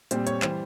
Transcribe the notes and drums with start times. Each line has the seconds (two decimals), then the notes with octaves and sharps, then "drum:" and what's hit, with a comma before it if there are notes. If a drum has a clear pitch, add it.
0.11 A#2 G3 C4 C5, drum: hi-hat
0.27 C#5, drum: hi-hat
0.42 E3 G3 C5, drum: clap